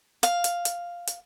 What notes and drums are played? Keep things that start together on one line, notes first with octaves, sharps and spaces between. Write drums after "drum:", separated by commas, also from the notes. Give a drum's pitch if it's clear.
F5, drum: hi-hat
drum: hi-hat
drum: hi-hat
drum: hi-hat